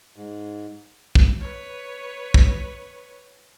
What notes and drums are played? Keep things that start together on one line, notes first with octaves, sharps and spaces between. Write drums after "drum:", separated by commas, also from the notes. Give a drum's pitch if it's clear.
G#2
drum: kick
B4 C#5
drum: kick